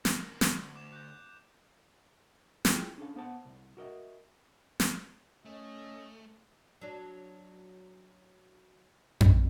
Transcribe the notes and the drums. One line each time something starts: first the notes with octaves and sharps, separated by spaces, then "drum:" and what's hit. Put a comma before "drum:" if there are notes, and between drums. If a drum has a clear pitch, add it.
D3 A#3, drum: snare
D2, drum: snare
D6 E7
F#6 G6
E4 F4 G4 G#4, drum: snare
C#4 D4 A4 F5
B3 C5 F#5 A5
C2
F#4 A#4 D#5 E5
drum: snare
A3 C#4 D#5
F#3 D4
drum: tom F2